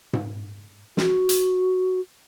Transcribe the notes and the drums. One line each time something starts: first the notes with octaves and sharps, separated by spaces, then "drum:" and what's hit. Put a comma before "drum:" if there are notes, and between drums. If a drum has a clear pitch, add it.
drum: tom G#2
F#4, drum: snare
drum: hi-hat